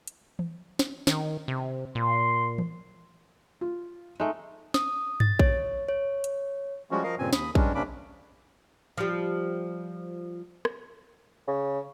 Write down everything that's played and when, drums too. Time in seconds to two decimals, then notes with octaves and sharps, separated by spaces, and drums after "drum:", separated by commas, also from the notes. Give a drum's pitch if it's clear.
0.07 drum: hi-hat
0.39 drum: tom E3
0.79 drum: snare
1.07 D#3, drum: snare
1.48 C3
1.95 A#2 C6
2.58 drum: tom E3
3.61 F4
4.20 G#3 A3 D#4
4.74 D#6, drum: snare
5.20 A6, drum: tom G2
5.39 C#5, drum: kick A#1
5.89 C#5
6.24 drum: hi-hat
6.91 F3 G3 G#3 C#4 F#4
7.04 F3 A#4 D#5 F5
7.19 G2 A#2 C#3 C4 G#5
7.33 D#2 B5 D#6, drum: snare
7.55 G2 G3 G#3 C#4 D4, drum: kick A#1
7.75 C3 A#3 C#4 D4 B5 D6
8.98 F3 G3
10.65 drum: rim click
11.48 C#3